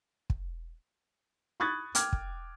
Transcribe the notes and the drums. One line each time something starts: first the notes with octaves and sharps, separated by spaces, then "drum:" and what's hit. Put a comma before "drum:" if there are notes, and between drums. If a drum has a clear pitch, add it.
drum: kick
B5 C#6 D#6 F#6 G#6 A6
G5 D6 F6 G#6, drum: hi-hat
drum: kick